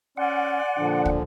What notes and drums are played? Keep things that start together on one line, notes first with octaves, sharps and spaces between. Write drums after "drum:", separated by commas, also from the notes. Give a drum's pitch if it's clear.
C#4 D5 F#5 G#5 C6
A#2 D3 F3 D4
drum: kick